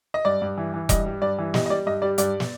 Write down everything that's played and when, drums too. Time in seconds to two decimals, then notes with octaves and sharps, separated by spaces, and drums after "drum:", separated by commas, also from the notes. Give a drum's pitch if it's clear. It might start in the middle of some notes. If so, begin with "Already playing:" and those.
0.14 D#5
0.25 G2 D5
0.42 G2
0.57 E3
0.74 E3
0.89 G2 D#5, drum: kick E1, hi-hat
1.06 G3
1.22 G2 D5
1.38 E3
1.54 G3 D#5, drum: snare
1.66 D#5
1.70 G3 D5
1.86 G2 D#5
2.02 G3 D5
2.18 G2 D5, drum: hi-hat
2.40 drum: snare